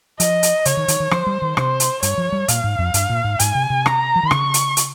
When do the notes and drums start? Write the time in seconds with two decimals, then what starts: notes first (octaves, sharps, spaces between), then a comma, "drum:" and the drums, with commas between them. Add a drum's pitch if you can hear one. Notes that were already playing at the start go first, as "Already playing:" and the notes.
0.20 F3 D#5, drum: hi-hat
0.43 drum: hi-hat
0.65 C#3 C#5, drum: hi-hat
0.77 D#3
0.88 D#3, drum: hi-hat
1.00 D#3
1.11 F3 C5, drum: rim click
1.27 G3
1.42 D#3
1.57 C3 C5, drum: rim click
1.80 drum: hi-hat
2.03 G2 C#5, drum: hi-hat
2.18 F3
2.32 G3
2.48 A#2 F5, drum: hi-hat
2.64 G#2
2.79 F2
2.94 G2, drum: hi-hat
3.10 A#2
3.24 G#2
3.40 G#2 G#5, drum: hi-hat
3.55 C3
3.70 C3
3.86 A#5, drum: rim click
4.16 F3
4.23 D#3
4.31 C#3 C#6, drum: rim click
4.54 drum: hi-hat
4.77 drum: hi-hat